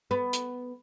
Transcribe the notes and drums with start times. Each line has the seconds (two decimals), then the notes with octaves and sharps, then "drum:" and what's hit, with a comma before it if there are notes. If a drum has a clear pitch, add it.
0.11 B3
0.33 drum: hi-hat